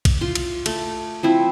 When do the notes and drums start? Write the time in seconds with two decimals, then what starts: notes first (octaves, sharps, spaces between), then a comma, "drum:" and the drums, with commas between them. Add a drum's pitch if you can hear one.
0.05 drum: kick, cymbal
0.21 F4 C6
0.35 drum: cymbal
0.66 A3, drum: cymbal
1.23 F3 C4 E4